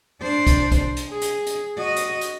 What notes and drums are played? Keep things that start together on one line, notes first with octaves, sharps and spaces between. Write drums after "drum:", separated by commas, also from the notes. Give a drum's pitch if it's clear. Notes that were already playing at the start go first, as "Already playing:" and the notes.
D4 C5
drum: kick B1, hi-hat
drum: kick B1, hi-hat
drum: hi-hat
G#4
drum: hi-hat
drum: hi-hat
F#4 D#5
drum: hi-hat
drum: hi-hat